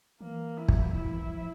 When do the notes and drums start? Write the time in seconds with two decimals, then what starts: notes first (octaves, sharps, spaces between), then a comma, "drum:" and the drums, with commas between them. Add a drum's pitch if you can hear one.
0.21 E3 A#3
0.57 E4
0.68 drum: kick
0.92 E3 E4
1.11 E3
1.29 F3